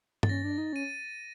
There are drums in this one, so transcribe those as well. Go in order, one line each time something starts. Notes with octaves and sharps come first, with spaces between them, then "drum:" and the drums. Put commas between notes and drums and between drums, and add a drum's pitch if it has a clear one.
A6, drum: tom G2
C#4 A#6
D4
D#4
C#4 D#7